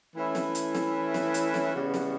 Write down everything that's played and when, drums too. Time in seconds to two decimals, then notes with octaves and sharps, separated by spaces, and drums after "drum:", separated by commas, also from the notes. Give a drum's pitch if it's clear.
0.15 E3 A3 C#4 E4
0.35 drum: snare
0.55 drum: hi-hat
0.75 drum: snare
1.14 drum: snare
1.34 drum: hi-hat
1.54 drum: snare
1.74 C#3 E3 G3 B3 F#4
1.94 drum: snare